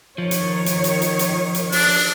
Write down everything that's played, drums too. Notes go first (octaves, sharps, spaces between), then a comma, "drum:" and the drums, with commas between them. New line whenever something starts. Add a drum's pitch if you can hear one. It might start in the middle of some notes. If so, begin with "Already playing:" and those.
D#3 F3 C#5
drum: hi-hat
drum: hi-hat
drum: hi-hat
drum: hi-hat
drum: hi-hat
drum: hi-hat
D4, drum: open hi-hat